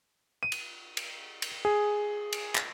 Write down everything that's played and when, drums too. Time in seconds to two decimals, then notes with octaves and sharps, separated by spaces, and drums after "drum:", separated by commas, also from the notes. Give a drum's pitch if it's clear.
0.43 D#7
0.52 drum: cymbal
0.97 drum: cymbal
1.42 drum: cymbal
1.65 G#4
2.33 drum: cymbal
2.55 drum: clap